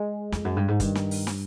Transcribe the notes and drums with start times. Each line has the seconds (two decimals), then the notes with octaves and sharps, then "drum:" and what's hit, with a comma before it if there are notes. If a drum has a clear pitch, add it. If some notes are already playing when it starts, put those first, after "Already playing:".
Already playing: G#3
0.32 F2 G#3, drum: snare
0.45 F#2
0.56 G2
0.68 G#2
0.80 G2 D#3, drum: kick, hi-hat
0.95 drum: snare
1.11 drum: open hi-hat
1.27 drum: snare